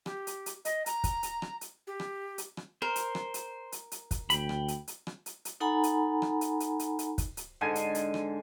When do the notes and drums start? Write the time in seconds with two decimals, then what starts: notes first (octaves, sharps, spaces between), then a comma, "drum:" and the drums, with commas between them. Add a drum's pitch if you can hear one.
0.06 G4, drum: rim click
0.27 drum: hi-hat
0.46 drum: hi-hat
0.65 D#5, drum: hi-hat
0.86 A#5, drum: hi-hat
1.04 drum: kick, hi-hat
1.23 drum: hi-hat
1.42 drum: rim click
1.61 drum: hi-hat
1.87 G4
2.00 drum: rim click
2.38 drum: hi-hat
2.57 drum: rim click
2.82 A#4 C5
2.96 drum: hi-hat
3.15 drum: rim click
3.34 drum: hi-hat
3.72 drum: hi-hat
3.92 drum: hi-hat
4.11 drum: kick, hi-hat
4.30 D2 G5 B5, drum: hi-hat
4.49 drum: rim click
4.68 drum: hi-hat
4.88 drum: hi-hat
5.07 drum: rim click
5.26 drum: hi-hat
5.45 drum: hi-hat
5.60 D#4 A4 F#5 G#5 A#5 B5
5.83 drum: hi-hat
6.22 drum: rim click
6.41 drum: hi-hat
6.60 drum: hi-hat
6.79 drum: hi-hat
6.99 drum: hi-hat
7.18 drum: kick, hi-hat
7.37 drum: hi-hat
7.61 G#2 D3 C5 G#5
7.75 drum: hi-hat
7.95 drum: hi-hat
8.14 drum: rim click